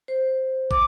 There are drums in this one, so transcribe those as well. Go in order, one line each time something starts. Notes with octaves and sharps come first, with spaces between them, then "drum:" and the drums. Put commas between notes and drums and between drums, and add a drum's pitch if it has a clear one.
C5
D6, drum: kick